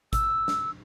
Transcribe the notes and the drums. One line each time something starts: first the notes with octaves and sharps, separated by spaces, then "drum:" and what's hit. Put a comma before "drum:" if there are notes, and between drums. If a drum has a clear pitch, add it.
E6, drum: kick G#1, hi-hat
drum: snare